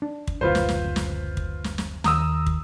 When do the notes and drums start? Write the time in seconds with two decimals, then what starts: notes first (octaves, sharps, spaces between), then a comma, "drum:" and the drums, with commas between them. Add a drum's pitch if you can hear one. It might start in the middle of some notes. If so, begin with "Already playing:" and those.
0.02 D4
0.27 drum: kick
0.41 F#1 D2 F4 B4 C5
0.55 drum: snare
0.69 drum: snare
0.96 drum: snare
1.37 drum: kick
1.64 drum: snare
1.78 drum: snare
2.04 D#2 A#5 D#6 E6, drum: snare
2.46 drum: kick